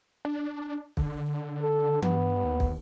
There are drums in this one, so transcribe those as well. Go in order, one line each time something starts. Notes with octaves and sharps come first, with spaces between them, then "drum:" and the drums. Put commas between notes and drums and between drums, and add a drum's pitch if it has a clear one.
D4
D3, drum: kick
A4
G2 B3, drum: tom E3
D#2
drum: kick